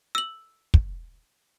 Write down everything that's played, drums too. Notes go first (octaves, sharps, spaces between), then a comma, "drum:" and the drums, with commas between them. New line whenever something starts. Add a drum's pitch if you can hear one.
E6 F#7
drum: kick